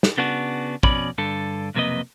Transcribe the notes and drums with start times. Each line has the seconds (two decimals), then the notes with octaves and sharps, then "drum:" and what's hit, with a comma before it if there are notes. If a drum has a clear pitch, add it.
0.03 drum: snare
0.18 C#3 B3 D4 F#4
0.83 F2 B2 C#4 D5 B5, drum: kick
1.18 G2 D3 A4
1.75 B1 F2 C3 A#3 B4 D#5